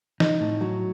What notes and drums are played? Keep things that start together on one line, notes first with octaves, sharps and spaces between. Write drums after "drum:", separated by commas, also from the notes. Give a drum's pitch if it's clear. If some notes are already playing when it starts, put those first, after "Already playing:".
D#4, drum: snare
A2
F#3